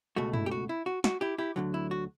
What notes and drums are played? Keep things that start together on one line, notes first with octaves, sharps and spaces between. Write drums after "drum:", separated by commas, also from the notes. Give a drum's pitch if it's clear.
C#2 B2 A3 F#4
E4, drum: tom
G4
F#4
E4
F#4
F#4, drum: snare
E4 G4
E4 G4
D2 D3 F#3
E4
F#4